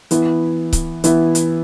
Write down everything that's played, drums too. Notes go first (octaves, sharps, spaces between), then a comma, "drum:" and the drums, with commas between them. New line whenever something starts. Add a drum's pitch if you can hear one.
E3 B3 E4, drum: hi-hat
drum: kick C#1, hi-hat
E3 B3 E4, drum: hi-hat
drum: hi-hat